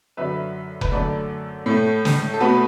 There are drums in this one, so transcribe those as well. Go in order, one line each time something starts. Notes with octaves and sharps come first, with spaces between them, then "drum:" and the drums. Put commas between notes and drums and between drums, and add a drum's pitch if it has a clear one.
F#2 D3 F#3 B4 E5
B4, drum: kick F1
F#2 D3 A3 A4 D5
A2 A3
drum: snare
A4
B2 A3 F#4 B4